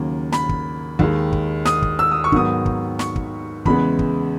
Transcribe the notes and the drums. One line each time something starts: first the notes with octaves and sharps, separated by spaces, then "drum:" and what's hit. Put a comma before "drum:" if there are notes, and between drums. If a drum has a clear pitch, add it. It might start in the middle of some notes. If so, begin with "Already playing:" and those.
Already playing: D#2 C#3 F#3 A#3
B5, drum: snare
drum: kick
D#2 D#3 G#3, drum: kick
drum: kick
D#6, drum: snare
drum: kick
E6
D#6
C#6
G#2 D#3 F#3 B3 D#6, drum: kick
drum: kick
C#6, drum: snare
drum: kick
E2 C#3 G#3 B3 B5, drum: kick
drum: kick